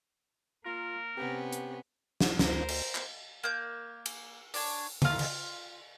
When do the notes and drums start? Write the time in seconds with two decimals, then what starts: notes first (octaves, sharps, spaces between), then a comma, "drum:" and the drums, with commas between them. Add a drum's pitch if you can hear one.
0.65 A#3 F4 A#4
1.17 C3 B3 C#4 G4
1.52 drum: hi-hat
2.21 drum: snare
2.39 D2 A#4 C5, drum: snare
2.69 drum: cymbal
2.95 drum: clap
3.44 A#3 G6
4.06 drum: cymbal
4.54 D4 C#5, drum: open hi-hat
5.02 F4 F5, drum: tom C#3
5.19 drum: cymbal